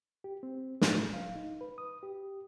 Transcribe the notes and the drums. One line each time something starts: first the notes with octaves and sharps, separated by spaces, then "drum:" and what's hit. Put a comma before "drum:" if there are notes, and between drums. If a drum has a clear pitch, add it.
G4
C4
A2, drum: snare
F5
D#4
B4
D#6
G4